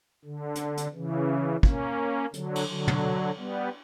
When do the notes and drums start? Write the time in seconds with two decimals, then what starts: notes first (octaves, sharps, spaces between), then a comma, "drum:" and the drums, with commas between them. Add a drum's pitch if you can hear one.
0.25 D3
0.55 drum: hi-hat
0.77 drum: hi-hat
0.94 C#3 E3
1.63 A#3 C#4, drum: kick
2.34 D3 F#3, drum: hi-hat
2.55 drum: cymbal
2.68 D3 F#3
2.88 drum: tom
3.38 G3 B3